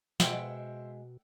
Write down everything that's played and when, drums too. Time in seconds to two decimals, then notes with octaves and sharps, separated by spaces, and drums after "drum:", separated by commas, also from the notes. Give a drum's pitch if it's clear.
0.20 B2 G#3 C5 E5 F#5 G5, drum: snare